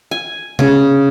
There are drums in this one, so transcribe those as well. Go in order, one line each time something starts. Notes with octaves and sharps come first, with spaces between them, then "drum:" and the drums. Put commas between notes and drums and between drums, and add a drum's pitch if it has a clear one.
G#5
C#3, drum: tom C3